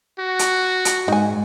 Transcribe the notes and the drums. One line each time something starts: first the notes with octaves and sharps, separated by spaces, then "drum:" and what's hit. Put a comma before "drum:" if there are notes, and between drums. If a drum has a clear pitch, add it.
F#4
drum: hi-hat
drum: hi-hat
G#2 D#4 G#5